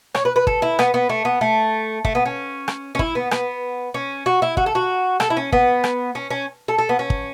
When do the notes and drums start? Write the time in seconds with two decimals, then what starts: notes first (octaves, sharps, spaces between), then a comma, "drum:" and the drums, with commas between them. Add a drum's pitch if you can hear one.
0.15 C#5, drum: rim click
0.25 B4
0.36 B4
0.47 A4, drum: kick
0.62 E4
0.79 B3, drum: rim click
0.94 B3
1.09 A3
1.25 B3
1.41 A3
2.05 A3, drum: kick
2.15 B3
2.26 C#4
2.68 drum: rim click
2.95 C#4
2.99 E4, drum: kick
3.15 B3
3.31 B3, drum: rim click
3.94 C#4
4.26 F#4
4.42 E4
4.57 F#4, drum: kick
4.66 A4
4.75 F#4
5.20 A4, drum: rim click
5.30 E4
5.37 C#4
5.52 B3, drum: kick
5.84 drum: rim click
6.15 C#4
6.30 C#4
6.68 A4
6.78 A4
6.89 B3
6.99 C#4
7.10 drum: kick